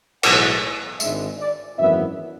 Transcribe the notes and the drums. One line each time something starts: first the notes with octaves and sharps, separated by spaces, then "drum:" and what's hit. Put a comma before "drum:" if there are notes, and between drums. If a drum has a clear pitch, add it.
B1 A2 E3 G#3 F#5, drum: cymbal
G#1 G#2 G#3 D4 E5, drum: tambourine
D5
G#1 F#2 E3 B3 E4 E5